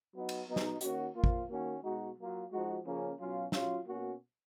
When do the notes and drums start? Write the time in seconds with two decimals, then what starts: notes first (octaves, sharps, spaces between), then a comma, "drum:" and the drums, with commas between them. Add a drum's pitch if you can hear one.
0.13 F#3 B3 D#4
0.29 drum: cymbal
0.47 F#3 B3 D#4
0.56 drum: snare
0.81 D#3 A#3 C#4 F#4, drum: hi-hat
1.14 F3 A#3 F4
1.24 drum: kick
1.49 D#3 A#3 C#4 F#4
1.83 B2 G#3 D#4 F#4
2.17 F#3 A#3 F4
2.51 F3 G#3 D#4 F#4
2.85 C#3 F3 A#3 C#4
3.19 B2 F#3 C#4 F4
3.52 F#3 C#4 F4, drum: snare
3.86 B2 A#3 C#4 F#4